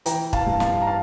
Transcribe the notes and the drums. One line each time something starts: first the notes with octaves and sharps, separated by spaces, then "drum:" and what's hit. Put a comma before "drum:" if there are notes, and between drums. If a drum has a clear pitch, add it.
E3 G5 A#5, drum: hi-hat
F5 A5, drum: kick
G2
F5 A5, drum: snare
A#5
F5 A5